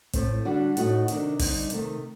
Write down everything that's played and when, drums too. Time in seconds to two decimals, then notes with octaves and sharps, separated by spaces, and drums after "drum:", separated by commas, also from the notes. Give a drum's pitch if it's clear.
0.14 A2 A3 C4, drum: kick, hi-hat
0.45 D3 G3 D4 F#4
0.77 A2 A3 D#4 F#4, drum: hi-hat
1.08 C3 D#3 A3 D4, drum: hi-hat
1.39 D3 G3 C4 D#4, drum: kick, open hi-hat
1.70 C3 D#3 A3, drum: hi-hat